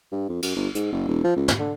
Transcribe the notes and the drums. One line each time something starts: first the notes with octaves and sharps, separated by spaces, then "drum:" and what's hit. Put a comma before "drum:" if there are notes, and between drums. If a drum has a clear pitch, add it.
G2
F2
F#2, drum: cymbal
G1
G#2, drum: hi-hat
F#1
E1
F3
C#2
drum: snare
D3